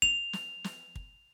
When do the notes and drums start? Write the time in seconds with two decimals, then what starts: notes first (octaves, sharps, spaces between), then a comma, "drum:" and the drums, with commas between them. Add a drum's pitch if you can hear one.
0.02 F7, drum: kick
0.33 drum: snare
0.64 drum: snare
0.95 drum: kick